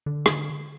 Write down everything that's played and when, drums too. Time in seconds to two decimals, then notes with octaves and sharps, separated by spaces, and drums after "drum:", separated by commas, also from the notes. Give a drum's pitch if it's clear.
0.06 D3
0.26 drum: rim click